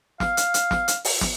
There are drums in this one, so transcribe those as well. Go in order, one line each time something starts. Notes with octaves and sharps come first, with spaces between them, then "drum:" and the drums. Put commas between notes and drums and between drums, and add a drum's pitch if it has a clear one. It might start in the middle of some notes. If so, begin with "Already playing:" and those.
F5, drum: snare
drum: hi-hat
drum: hi-hat
drum: snare
drum: hi-hat
drum: open hi-hat
drum: snare